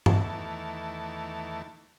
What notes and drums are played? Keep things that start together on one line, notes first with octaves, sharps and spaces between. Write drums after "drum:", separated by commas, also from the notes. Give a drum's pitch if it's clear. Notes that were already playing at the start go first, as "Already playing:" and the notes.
E2 D#3 E3 A3 A5, drum: tom G2